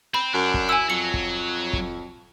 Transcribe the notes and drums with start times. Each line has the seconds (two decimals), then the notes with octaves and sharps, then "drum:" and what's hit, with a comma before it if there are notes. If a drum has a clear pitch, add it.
0.14 C4 B5
0.34 F#2 D4
0.54 drum: kick
0.69 E4 G#5 E6
0.90 F2 F#3 C#7
1.14 drum: kick
1.73 drum: kick